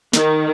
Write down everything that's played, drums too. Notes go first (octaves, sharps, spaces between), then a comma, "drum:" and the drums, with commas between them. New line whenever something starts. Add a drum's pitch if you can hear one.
D#3, drum: snare